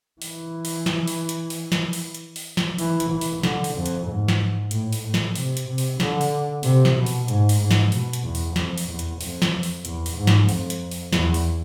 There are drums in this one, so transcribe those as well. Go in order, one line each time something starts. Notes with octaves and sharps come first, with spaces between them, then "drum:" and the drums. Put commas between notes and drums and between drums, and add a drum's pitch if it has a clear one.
E3, drum: open hi-hat
drum: open hi-hat
drum: snare
drum: open hi-hat
drum: hi-hat
drum: open hi-hat
drum: snare
drum: open hi-hat
drum: hi-hat
drum: open hi-hat
drum: snare
E3, drum: open hi-hat
drum: hi-hat
E3
drum: open hi-hat
D3, drum: snare
drum: open hi-hat
F2
drum: hi-hat
G#2
drum: snare
A2, drum: hi-hat
drum: open hi-hat
A2
drum: snare
C3, drum: open hi-hat
drum: hi-hat
C3
drum: open hi-hat
D3, drum: snare
drum: open hi-hat
C3, drum: open hi-hat
drum: snare
B2
drum: open hi-hat
G#2, drum: hi-hat
drum: open hi-hat
G#2
drum: snare
B2, drum: open hi-hat
drum: hi-hat
E2
drum: open hi-hat
F2, drum: snare
drum: open hi-hat
E2
drum: hi-hat
F2, drum: open hi-hat
drum: snare
drum: open hi-hat
E2, drum: hi-hat
drum: open hi-hat
G#2
drum: snare
F2, drum: open hi-hat
drum: hi-hat
drum: open hi-hat
E2, drum: snare
drum: open hi-hat